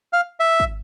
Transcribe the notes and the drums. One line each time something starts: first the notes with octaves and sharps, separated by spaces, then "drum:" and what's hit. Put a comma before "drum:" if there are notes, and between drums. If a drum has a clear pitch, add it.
F5
E5
drum: kick